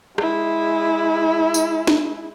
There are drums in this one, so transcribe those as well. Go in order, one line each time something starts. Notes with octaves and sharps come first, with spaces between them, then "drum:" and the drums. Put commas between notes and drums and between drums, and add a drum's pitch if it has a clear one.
G#3 E4, drum: rim click
drum: tambourine
drum: snare